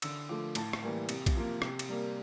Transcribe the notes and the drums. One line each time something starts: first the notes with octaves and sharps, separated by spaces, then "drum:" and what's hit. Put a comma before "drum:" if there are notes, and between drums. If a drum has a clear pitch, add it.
D3 E6, drum: cymbal
F3 A3 D6
A2 A5, drum: cymbal
drum: rim click
E3 G3 A#3
C3, drum: cymbal
drum: kick, cymbal
F3 A#3
C3, drum: rim click
drum: cymbal
G3 A#3